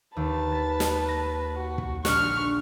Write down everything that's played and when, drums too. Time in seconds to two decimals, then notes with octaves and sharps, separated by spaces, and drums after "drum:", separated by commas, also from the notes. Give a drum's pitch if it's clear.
0.16 D#2 B4 A5
0.52 A6
0.80 drum: snare
1.08 A#6
1.57 F#4
1.78 drum: kick
2.05 A#1 D4 C#6 F6 F#6, drum: snare